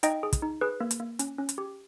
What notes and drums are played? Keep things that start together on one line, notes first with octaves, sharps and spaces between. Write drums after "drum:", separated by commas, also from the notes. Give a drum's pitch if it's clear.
D#4 D#5 G5, drum: hi-hat
G#4
drum: kick, hi-hat
D#4
G#4 B4
A#3
drum: hi-hat
A#3
C#4, drum: hi-hat
C#4
drum: hi-hat
G4